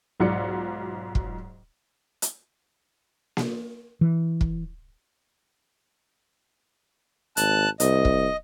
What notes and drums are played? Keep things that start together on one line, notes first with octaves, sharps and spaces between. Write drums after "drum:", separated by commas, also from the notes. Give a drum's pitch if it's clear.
B1 G#2 F#3 F4 D5 C#7
drum: kick
drum: hi-hat
drum: snare A#3
E3
drum: kick
G#1 A5 F#6, drum: hi-hat
C2 D#5, drum: hi-hat
drum: kick